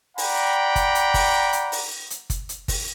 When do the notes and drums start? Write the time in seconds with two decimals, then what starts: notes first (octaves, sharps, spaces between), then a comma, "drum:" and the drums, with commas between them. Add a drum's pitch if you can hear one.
0.18 D5 F#5 G5 A#5 B5, drum: open hi-hat
0.76 drum: kick, hi-hat
0.95 drum: hi-hat
1.14 drum: kick, open hi-hat
1.53 drum: hi-hat
1.72 drum: open hi-hat
2.10 drum: hi-hat
2.30 drum: kick, hi-hat
2.49 drum: hi-hat
2.68 drum: kick, open hi-hat